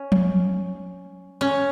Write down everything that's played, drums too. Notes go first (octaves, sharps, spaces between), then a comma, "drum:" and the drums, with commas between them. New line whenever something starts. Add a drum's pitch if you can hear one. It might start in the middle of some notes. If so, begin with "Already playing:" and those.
Already playing: C#4
drum: tom F3
C#4